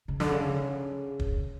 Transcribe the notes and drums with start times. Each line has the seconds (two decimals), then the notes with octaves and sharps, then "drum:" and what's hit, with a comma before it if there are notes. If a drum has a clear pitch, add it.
0.08 C#3
0.20 D3, drum: snare
0.31 C#3
1.20 drum: kick